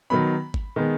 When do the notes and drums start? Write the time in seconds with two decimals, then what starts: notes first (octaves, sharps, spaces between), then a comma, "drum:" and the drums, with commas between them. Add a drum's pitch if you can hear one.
0.10 D#3 F#3 B3 B5
0.54 drum: kick G#1
0.76 D#3 G#3 B3